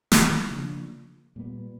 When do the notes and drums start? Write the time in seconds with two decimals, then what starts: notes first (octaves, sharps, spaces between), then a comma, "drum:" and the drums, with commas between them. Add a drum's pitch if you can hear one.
0.12 drum: snare
0.51 C#3 F3 A#3 D4
1.36 A#2 G3 B3